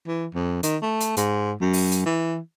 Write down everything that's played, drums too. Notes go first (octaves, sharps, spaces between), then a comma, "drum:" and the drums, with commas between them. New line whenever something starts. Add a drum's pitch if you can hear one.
E3
F2
D#3, drum: hi-hat
A3
drum: hi-hat
G#2, drum: hi-hat
F#2
drum: open hi-hat
drum: hi-hat
E3